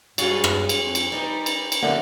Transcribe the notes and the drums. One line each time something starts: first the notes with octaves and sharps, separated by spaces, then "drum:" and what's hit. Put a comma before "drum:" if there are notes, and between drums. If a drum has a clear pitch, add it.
G2 G#3 F4 F#4 G#4 C#5, drum: cymbal
drum: rim click
drum: cymbal
F2
drum: cymbal
G3 D#4 A#4 B4
drum: cymbal
drum: cymbal
F2 D3 A#3 G4 E5